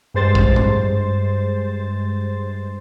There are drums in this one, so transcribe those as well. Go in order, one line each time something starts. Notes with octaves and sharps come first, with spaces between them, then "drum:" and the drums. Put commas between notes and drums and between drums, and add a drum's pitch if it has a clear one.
G2 G#3 C5 A6
drum: kick
drum: tom G#2